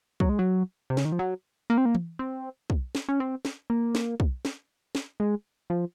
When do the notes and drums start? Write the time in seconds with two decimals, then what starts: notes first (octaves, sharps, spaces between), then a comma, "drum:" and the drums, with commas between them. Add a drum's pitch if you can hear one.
0.20 F#3, drum: kick
0.29 G#3
0.39 F#3
0.90 C3
0.97 C#3, drum: snare
1.05 D#3
1.12 F3
1.19 F#3
1.70 A#3
1.78 C4
1.85 A#3
1.95 drum: tom E3
2.19 C4
2.70 drum: kick
2.95 drum: snare
3.09 C#4
3.20 C4
3.45 drum: snare
3.70 A#3
3.95 drum: snare
4.20 drum: kick
4.45 drum: snare
4.95 drum: snare
5.20 G#3
5.70 F3